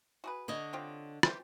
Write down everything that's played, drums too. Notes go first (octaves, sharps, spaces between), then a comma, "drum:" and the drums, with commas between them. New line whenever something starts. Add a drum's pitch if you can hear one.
F#4 G#4 B4
D3 C#5 D#5
C4 F4 G4
E3 C4 G4, drum: rim click